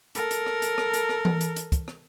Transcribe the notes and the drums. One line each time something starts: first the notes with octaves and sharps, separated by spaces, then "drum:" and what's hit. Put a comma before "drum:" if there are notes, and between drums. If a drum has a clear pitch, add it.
A4 A#4, drum: hi-hat
drum: hi-hat
drum: rim click
drum: hi-hat
drum: rim click
drum: hi-hat
drum: rim click
drum: tom E3
drum: hi-hat
drum: hi-hat
drum: kick, hi-hat
drum: rim click